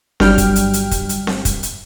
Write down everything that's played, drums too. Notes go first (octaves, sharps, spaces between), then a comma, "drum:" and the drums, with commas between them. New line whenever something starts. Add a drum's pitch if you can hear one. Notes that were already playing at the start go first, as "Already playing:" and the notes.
G1 G2 F#3 G3 G5 F6, drum: snare C4
drum: kick, hi-hat
drum: hi-hat
drum: hi-hat
drum: kick, hi-hat
drum: hi-hat
drum: snare C4
drum: kick, hi-hat
drum: hi-hat